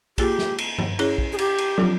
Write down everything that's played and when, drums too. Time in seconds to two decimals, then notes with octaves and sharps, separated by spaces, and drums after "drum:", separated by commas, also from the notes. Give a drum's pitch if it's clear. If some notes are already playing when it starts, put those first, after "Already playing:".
0.18 A#3 F4 G4 G#4, drum: kick A#1, cymbal
0.38 drum: snare
0.58 drum: cymbal
0.78 drum: tom G2
0.99 C#4 E4 G#4 C#5, drum: cymbal
1.18 drum: kick A#1
1.32 G#4
1.38 G4, drum: cymbal
1.58 drum: cymbal
1.78 F3 C4 F4, drum: tom